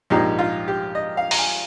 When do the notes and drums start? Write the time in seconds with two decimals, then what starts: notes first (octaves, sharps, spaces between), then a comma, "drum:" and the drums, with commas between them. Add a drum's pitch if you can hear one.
0.10 A#1 G#2 F3 A#3 D#4 G4
0.39 F4
0.68 G4
0.95 D#5
1.17 F5
1.31 A#5, drum: open hi-hat
1.38 G#5